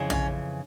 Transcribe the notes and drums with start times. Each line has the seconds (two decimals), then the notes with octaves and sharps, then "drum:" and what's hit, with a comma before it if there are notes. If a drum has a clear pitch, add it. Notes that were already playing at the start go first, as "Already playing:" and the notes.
Already playing: F2 C#3 E3
0.10 C#4, drum: tom A#1